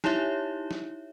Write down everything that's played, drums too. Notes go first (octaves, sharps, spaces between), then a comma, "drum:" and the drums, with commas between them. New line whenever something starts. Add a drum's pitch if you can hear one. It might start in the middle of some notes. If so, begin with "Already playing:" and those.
D#4 E4 G4 C#5 E5, drum: snare
drum: snare